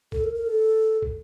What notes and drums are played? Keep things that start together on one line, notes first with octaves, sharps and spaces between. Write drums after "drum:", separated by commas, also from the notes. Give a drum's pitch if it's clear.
A4, drum: kick
A#4
A#4
A4
drum: kick